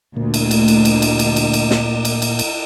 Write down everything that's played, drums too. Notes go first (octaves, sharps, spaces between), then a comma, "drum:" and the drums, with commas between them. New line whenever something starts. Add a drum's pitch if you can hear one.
D2 A#2
drum: cymbal
drum: cymbal
drum: cymbal
drum: cymbal
drum: cymbal
drum: cymbal
drum: cymbal
drum: cymbal
drum: snare
drum: cymbal
drum: cymbal
drum: cymbal